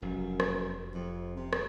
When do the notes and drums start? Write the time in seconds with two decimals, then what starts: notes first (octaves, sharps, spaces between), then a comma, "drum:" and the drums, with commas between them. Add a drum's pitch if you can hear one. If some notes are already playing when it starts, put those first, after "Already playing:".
0.02 F1 F#2
0.40 drum: rim click
0.94 F2
1.37 C3
1.53 drum: rim click